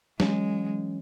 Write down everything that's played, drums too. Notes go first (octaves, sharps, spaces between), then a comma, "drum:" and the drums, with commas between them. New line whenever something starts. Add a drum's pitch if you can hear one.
E3 F#3 G#3 C#4, drum: snare